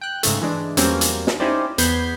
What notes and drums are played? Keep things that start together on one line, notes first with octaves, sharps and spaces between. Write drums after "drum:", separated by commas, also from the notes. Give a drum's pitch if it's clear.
G5 F#6
G#2 C#3 A3, drum: hi-hat
E3 G#3 D4
E2 F#3 G3 A#3 C4 C#4, drum: hi-hat
drum: hi-hat
drum: snare
C#4 D#4 E4 G4 C5 D5
E2 B3 B5 G6 G#6 C7, drum: hi-hat